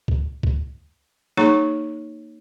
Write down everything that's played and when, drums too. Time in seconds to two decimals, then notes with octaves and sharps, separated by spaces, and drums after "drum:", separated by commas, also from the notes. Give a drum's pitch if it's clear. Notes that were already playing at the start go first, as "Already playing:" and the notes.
0.08 drum: kick
0.43 drum: kick
1.37 A#3 D#4 G#4 C#5 A#5 C#6, drum: snare